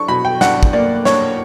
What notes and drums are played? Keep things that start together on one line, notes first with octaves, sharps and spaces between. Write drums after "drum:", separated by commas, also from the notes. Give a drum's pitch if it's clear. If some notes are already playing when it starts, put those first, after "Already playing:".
Already playing: D4 C#6
B2 B5
G5
D4 F#5, drum: snare
drum: kick
A#3 D5
D4 C#5, drum: snare